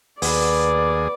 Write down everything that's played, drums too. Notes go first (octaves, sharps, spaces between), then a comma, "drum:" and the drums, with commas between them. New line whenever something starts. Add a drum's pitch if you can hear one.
D#2 B3 G#4 D5, drum: open hi-hat